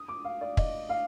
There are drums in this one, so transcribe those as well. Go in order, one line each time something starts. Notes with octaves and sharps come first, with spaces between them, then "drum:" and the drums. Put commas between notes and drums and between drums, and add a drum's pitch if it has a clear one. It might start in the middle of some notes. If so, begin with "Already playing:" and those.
Already playing: D#6
D6
F5
D5
D#5, drum: kick
F5